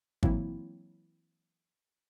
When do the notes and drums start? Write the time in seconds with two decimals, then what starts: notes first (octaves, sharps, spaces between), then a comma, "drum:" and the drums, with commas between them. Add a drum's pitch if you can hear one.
0.23 E3 F#3 A#3 C4 E4, drum: kick